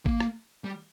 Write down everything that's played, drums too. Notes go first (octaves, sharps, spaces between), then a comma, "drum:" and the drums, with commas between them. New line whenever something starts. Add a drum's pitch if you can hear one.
A#3, drum: kick G#1
drum: rim click
G3